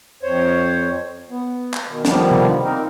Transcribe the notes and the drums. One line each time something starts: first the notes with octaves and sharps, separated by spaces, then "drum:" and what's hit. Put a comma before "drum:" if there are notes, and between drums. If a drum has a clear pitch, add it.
F2 C5 C#5
B3
drum: clap
B2 D#3
D3 D#3 F3 G3 A#3 B3, drum: snare
drum: tom C3
A#3 C4 D#4 A#4